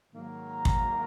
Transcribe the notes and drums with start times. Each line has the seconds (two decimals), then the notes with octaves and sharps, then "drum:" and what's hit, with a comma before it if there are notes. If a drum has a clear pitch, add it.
0.12 G#2 D#3 F#3 A#3
0.52 A#5
0.65 drum: kick